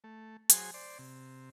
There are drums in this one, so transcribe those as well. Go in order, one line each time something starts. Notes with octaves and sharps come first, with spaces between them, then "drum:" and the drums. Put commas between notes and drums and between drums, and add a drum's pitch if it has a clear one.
A3
F#3 G#4 C5 G#5, drum: hi-hat
C5 D5
C3